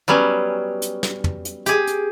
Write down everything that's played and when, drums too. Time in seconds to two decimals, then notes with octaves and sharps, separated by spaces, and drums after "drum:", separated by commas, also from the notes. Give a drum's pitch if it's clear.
0.08 F#3 G3 B3 C#4
0.82 drum: hi-hat
1.03 drum: snare
1.24 drum: tom
1.45 drum: hi-hat
1.66 G4 G#4, drum: hi-hat
1.87 drum: hi-hat